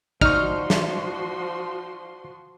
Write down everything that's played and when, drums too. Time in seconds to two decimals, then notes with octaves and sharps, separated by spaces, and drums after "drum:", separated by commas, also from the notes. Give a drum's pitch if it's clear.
0.21 F3 D#4 F#4 D5 C6 C#6 F6, drum: kick
0.70 drum: snare